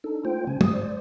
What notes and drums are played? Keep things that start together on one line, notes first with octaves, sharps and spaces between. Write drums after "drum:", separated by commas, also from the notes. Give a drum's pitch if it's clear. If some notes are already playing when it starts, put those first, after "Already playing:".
D4 D#4 A4
A3 F4 C5 G5
C#3 G#3 C#4 G#5
G2 D#6, drum: tom
C5 D5